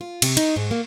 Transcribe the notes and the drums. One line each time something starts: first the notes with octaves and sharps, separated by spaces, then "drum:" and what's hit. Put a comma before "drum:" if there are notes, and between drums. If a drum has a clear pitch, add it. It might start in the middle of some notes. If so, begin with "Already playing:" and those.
F4
C3, drum: cymbal
D#4, drum: cymbal
G#2
A#3